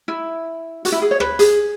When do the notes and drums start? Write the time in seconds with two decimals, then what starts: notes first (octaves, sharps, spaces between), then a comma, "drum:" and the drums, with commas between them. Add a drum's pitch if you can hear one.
0.08 E4
0.85 F#4, drum: hi-hat
0.92 E4
1.02 G#4
1.11 C#5
1.20 B4, drum: rim click
1.39 G#4, drum: hi-hat